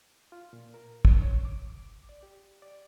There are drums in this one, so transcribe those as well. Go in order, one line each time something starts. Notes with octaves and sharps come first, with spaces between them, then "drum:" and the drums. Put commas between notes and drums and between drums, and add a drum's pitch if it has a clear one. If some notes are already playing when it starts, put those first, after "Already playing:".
F4
A#2
A#4
drum: kick
C#5
D6
D6
D5
G4
D5